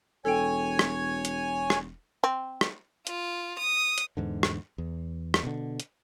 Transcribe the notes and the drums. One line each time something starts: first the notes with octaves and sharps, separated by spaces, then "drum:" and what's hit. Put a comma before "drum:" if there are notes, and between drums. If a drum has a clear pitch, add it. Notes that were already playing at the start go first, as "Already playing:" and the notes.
E1 A4 C#5 G5 G#5
drum: rim click
drum: hi-hat
drum: rim click
C4
drum: rim click
F4, drum: hi-hat
D#6
drum: hi-hat
E2 G#2 D3
drum: rim click
E2
drum: rim click
B2 D3
drum: hi-hat